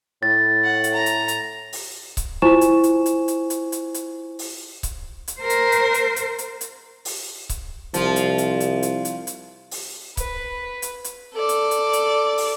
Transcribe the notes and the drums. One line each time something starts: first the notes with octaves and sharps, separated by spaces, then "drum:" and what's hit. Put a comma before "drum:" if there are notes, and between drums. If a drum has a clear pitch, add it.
A2 A6
F#5
drum: hi-hat
A#5
drum: hi-hat
drum: hi-hat
drum: open hi-hat
drum: kick C#1, hi-hat
E4 F4 C5 G#5 C#6 E7
drum: hi-hat
drum: hi-hat
drum: hi-hat
drum: hi-hat
drum: hi-hat
drum: hi-hat
drum: hi-hat
drum: open hi-hat
drum: kick C#1, hi-hat
drum: hi-hat
A#4 C5
drum: hi-hat
drum: hi-hat
drum: hi-hat
drum: hi-hat
drum: hi-hat
drum: hi-hat
drum: open hi-hat
drum: kick C#1, hi-hat
C2 F3 F4, drum: hi-hat
drum: hi-hat
drum: hi-hat
drum: hi-hat
drum: hi-hat
drum: hi-hat
drum: hi-hat
drum: open hi-hat
B4, drum: kick C#1, hi-hat
drum: hi-hat
drum: hi-hat
A4 D5
drum: hi-hat
drum: hi-hat
drum: hi-hat
drum: open hi-hat